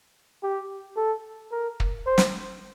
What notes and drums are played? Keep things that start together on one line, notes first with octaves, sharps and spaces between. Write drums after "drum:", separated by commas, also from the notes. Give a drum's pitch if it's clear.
G4
A4
A#4
drum: kick
C5
drum: snare